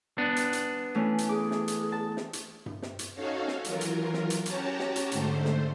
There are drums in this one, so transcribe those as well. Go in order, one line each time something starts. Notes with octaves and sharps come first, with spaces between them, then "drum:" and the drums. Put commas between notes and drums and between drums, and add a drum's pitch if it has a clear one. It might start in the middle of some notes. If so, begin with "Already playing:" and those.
B3 D4
drum: hi-hat
drum: hi-hat
E3 A3 C#4
drum: hi-hat
G#4 D6
drum: snare
drum: hi-hat
A5
drum: snare
drum: hi-hat
drum: tom G2
drum: snare
drum: hi-hat
C#4 D#4 F#4 A4 C#5 F5
drum: snare
E3 F#3 F4 A#4, drum: hi-hat
drum: hi-hat
drum: snare
drum: hi-hat
C#4 F#4 G4 C#5 A5 A#5, drum: hi-hat
drum: snare
drum: hi-hat
G#2 D3 A3 C5, drum: hi-hat
drum: snare